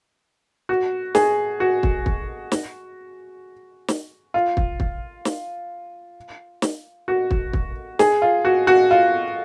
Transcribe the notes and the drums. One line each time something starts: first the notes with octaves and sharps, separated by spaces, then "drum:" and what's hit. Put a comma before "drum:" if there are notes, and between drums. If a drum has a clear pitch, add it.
F#4
G#4, drum: snare
F#4
drum: kick
drum: kick
drum: snare
drum: snare
F4
drum: kick
drum: kick
drum: snare
drum: snare
F#4
drum: kick
drum: kick
G#4, drum: snare
F4
F#4
F#4
F4